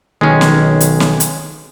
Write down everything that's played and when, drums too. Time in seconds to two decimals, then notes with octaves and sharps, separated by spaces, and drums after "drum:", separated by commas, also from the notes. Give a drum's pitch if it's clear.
0.21 B1 D#3 G#3 C#4
0.41 drum: snare
0.80 drum: hi-hat
1.00 drum: snare
1.20 drum: hi-hat